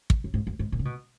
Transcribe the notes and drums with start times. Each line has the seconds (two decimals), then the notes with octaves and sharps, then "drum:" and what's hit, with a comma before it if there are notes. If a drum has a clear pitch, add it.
0.10 drum: kick
0.24 F#2
0.34 G#2
0.47 F#2
0.59 G#2
0.72 A#2
0.79 C#3
0.85 B2